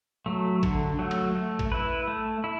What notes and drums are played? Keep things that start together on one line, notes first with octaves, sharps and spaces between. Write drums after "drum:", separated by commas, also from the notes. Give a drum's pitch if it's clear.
F#3 A3
D3, drum: kick A1, cymbal
F#3 A3
drum: cymbal
A3
drum: kick A1, cymbal
E4 B4
A3
E4